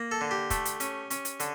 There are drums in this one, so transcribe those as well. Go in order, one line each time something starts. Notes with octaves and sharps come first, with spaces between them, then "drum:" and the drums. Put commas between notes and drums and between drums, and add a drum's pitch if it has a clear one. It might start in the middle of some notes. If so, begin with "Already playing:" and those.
Already playing: A#3
A4
D3
G4
A3, drum: kick, hi-hat
drum: hi-hat
C#4, drum: hi-hat
C#4, drum: hi-hat
drum: hi-hat
D3, drum: hi-hat